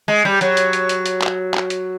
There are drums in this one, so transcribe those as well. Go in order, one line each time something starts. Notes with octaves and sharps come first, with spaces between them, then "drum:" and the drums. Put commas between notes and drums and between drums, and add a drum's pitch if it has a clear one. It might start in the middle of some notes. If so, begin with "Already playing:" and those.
G#3
G3
F#3, drum: hi-hat
drum: hi-hat
drum: hi-hat
drum: hi-hat
drum: hi-hat
drum: clap
drum: clap
drum: hi-hat